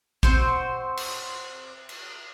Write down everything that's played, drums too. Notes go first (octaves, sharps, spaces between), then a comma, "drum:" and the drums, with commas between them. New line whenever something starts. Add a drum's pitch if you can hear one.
C4 F#4 C5, drum: kick A1
drum: cymbal
drum: cymbal